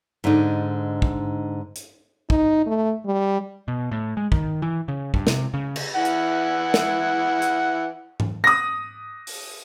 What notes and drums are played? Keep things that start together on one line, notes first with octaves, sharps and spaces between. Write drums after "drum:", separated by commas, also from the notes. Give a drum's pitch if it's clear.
G#2 D3 D4 D#4
drum: kick
drum: hi-hat
D#4, drum: kick
A3
G3
B2
A2
G#3
D#3, drum: kick
E3
C#3
G2, drum: kick
C3, drum: snare
C#3
drum: cymbal
E3 E4 F#5
drum: hi-hat
drum: snare
drum: hi-hat
drum: tom G#2
D#6 A#6
drum: open hi-hat